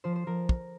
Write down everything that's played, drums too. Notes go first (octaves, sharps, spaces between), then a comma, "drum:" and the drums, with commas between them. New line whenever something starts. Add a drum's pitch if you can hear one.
F3 C5
C5
F3 A#4
drum: kick